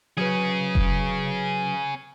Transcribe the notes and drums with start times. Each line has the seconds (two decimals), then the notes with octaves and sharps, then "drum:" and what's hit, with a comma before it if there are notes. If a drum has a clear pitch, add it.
0.18 F#3 C#4 G#4 B4
0.75 drum: kick F1